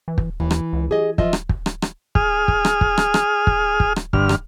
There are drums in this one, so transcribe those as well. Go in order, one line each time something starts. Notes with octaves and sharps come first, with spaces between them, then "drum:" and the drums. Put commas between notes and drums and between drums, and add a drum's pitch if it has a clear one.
E3
drum: kick
D#2 E3
drum: rim click
C#2
G4 G#4 D#5
F3 F4 D#5 E5, drum: kick
drum: rim click
drum: kick
drum: rim click
drum: rim click
G#4 D#6 F6, drum: kick
drum: kick
drum: rim click
drum: kick
drum: rim click
drum: rim click
drum: kick
drum: kick
drum: rim click
G2 D3 F6, drum: kick
drum: rim click